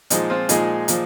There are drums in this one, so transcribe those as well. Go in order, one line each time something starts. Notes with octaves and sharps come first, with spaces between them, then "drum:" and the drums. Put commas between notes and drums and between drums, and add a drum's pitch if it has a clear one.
A#2 F3 G#3 D#4, drum: hi-hat
C4 F4
A#2 F3 G#3 D#4 G#4, drum: hi-hat
A#2 F3, drum: hi-hat